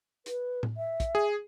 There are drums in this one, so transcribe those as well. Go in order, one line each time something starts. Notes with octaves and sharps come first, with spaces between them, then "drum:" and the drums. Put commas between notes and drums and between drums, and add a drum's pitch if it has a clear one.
B4, drum: hi-hat
drum: tom A2
E5
drum: kick, hi-hat
G#4